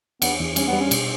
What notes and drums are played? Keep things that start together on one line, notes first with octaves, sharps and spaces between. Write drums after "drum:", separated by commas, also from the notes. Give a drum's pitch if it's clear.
E2 B3, drum: cymbal
E2
G3 C#4, drum: cymbal
B3
G3
C#4
B2, drum: cymbal